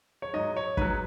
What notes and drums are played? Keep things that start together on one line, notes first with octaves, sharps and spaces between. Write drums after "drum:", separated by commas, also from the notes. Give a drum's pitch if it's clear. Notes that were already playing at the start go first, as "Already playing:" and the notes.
C#5
G#2 F#3 D#5
C#5
G#2 F#3 B4, drum: kick